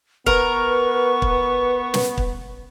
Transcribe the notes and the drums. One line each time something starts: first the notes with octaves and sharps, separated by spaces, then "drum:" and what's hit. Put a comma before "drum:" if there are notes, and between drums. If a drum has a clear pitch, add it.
B3 A#4 B4 C#6, drum: kick
drum: kick
drum: snare
drum: kick